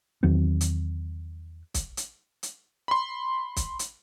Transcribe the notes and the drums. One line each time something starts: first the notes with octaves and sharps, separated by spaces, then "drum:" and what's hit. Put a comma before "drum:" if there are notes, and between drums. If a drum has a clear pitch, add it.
E2 D#3 F#3 C4
drum: hi-hat
drum: kick, hi-hat
drum: hi-hat
drum: hi-hat
B5 C6
drum: kick, hi-hat
drum: hi-hat